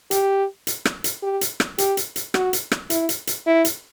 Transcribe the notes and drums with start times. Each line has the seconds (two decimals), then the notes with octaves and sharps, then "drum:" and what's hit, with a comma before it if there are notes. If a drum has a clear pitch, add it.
0.11 G4, drum: hi-hat
0.67 drum: hi-hat
0.85 drum: rim click
1.04 drum: hi-hat
1.22 G4
1.41 drum: hi-hat
1.60 drum: rim click
1.78 G4, drum: hi-hat
1.97 drum: hi-hat
2.16 drum: hi-hat
2.34 F#4, drum: rim click
2.53 drum: hi-hat
2.72 drum: rim click
2.90 E4, drum: hi-hat
3.09 drum: hi-hat
3.27 drum: hi-hat
3.46 E4
3.65 drum: hi-hat